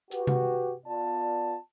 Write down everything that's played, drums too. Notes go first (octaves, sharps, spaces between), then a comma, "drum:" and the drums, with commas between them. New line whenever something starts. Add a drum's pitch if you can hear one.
F#4 G4 B4, drum: hi-hat
drum: tom C3
B3 F4 D5 A5